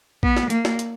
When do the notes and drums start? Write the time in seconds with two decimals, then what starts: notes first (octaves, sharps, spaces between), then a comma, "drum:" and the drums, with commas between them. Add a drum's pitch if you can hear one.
0.23 B3, drum: kick
0.37 drum: snare
0.50 A#3, drum: hi-hat
0.65 drum: snare
0.79 drum: hi-hat